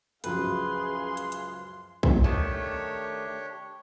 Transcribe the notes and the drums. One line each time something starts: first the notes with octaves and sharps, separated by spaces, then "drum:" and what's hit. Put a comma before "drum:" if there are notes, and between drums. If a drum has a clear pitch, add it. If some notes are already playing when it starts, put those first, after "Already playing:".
C#2 F#2 F3 G#4 B4 F5 C6, drum: hi-hat
drum: hi-hat
drum: hi-hat
drum: kick B1
D#3 A3 D4 G4 C#5